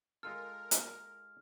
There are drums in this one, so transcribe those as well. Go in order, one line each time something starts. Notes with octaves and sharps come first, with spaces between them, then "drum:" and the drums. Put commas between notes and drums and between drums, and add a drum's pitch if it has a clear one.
G#3 F4 A4 A#4 F6
drum: hi-hat